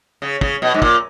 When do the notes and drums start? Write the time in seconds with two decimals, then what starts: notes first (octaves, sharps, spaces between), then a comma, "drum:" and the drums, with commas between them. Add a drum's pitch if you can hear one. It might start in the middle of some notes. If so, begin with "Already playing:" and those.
0.22 C#3
0.41 C#3, drum: kick
0.62 B2
0.74 G#2
0.82 A#2, drum: kick